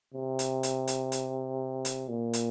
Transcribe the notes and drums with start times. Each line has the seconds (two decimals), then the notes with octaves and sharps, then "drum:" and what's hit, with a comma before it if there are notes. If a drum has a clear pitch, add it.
0.14 C3
0.39 drum: hi-hat
0.63 drum: hi-hat
0.87 drum: hi-hat
1.12 drum: hi-hat
1.85 drum: hi-hat
2.09 A#2
2.33 drum: hi-hat